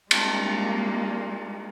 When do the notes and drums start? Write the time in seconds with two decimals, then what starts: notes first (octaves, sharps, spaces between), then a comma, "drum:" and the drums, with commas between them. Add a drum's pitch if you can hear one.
0.11 G3 G#3 A#3, drum: cymbal